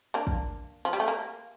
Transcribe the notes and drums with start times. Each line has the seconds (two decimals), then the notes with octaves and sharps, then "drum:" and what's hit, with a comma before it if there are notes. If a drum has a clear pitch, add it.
0.14 A#3 D4
0.27 drum: kick
0.85 F3
0.93 G3
1.00 A3
1.08 A#3